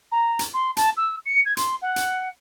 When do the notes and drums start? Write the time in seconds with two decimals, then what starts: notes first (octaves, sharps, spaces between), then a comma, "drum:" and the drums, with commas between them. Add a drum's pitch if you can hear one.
0.12 A#5
0.39 drum: hi-hat
0.54 C6
0.77 A5, drum: hi-hat
0.97 E6
1.26 C#7
1.46 G#6
1.57 C6, drum: hi-hat
1.82 F#5
1.96 drum: hi-hat